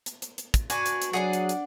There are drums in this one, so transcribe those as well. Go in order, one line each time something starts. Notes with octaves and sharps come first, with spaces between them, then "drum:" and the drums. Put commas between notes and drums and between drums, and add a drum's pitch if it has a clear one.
drum: hi-hat
drum: hi-hat
drum: hi-hat
drum: kick, hi-hat
D4 F#4 B4 G#5, drum: hi-hat
drum: hi-hat
drum: hi-hat
F#3 D4 G#4 D5 F#5
drum: hi-hat
drum: hi-hat